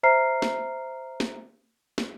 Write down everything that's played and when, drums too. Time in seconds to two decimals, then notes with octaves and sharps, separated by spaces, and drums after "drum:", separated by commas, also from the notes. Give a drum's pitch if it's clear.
0.03 C5 E5 A#5 F6 C7
0.42 drum: snare
1.20 drum: snare
1.98 drum: snare